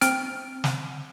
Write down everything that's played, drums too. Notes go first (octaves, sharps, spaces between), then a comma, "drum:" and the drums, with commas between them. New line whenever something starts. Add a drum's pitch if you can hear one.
C4 F6 D7, drum: hi-hat
drum: snare